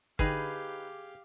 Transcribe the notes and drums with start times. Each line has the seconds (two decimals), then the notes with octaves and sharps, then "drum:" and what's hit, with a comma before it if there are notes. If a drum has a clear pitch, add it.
0.19 D3 D#4 G4 G#4 B4 F5 G5, drum: kick